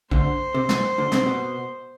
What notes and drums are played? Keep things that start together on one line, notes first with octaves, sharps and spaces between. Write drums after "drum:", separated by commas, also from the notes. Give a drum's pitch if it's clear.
D2 D3 C5, drum: kick A#1
C3
B2, drum: snare
D2 D3
C3 C4, drum: snare
B2 B3